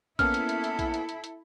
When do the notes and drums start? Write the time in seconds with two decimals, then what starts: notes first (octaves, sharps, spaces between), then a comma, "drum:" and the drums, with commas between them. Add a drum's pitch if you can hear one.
0.19 A#3 B3 C#4 E4 A4 F6, drum: kick A#1, hi-hat
0.34 drum: hi-hat
0.49 drum: hi-hat
0.64 drum: hi-hat
0.79 drum: kick A#1, hi-hat
0.94 drum: hi-hat
1.09 drum: hi-hat
1.24 drum: hi-hat